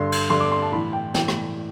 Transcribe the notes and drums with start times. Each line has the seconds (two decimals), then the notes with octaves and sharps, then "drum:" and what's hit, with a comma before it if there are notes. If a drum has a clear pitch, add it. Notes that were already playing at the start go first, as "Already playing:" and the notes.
Already playing: G2 D3 C6
0.12 drum: cymbal
0.30 G2 D3 C6
0.40 D6
0.52 C6
0.62 A5
0.72 A2 E3 B5
0.93 G5
1.14 A2 E3 G5, drum: snare
1.28 drum: rim click